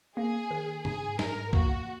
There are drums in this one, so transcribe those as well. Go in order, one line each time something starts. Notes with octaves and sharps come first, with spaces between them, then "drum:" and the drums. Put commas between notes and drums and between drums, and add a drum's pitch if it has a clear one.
A#3 G#4
D#3
G#2 G#4, drum: tom
G#2 A#4, drum: snare
A#3 F#4, drum: kick